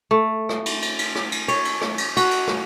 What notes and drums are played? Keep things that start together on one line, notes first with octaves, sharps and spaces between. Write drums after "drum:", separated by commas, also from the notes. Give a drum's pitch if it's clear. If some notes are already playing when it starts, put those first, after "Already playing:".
A3
drum: rim click
drum: cymbal
drum: cymbal
drum: cymbal
drum: rim click
drum: cymbal
C#5, drum: cymbal
drum: cymbal
drum: rim click
drum: cymbal
F#4, drum: cymbal
drum: cymbal
drum: rim click